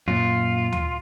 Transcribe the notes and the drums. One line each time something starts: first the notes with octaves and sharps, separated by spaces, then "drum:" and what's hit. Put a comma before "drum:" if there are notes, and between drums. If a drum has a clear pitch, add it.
F#2 A#2 F4
drum: tom D2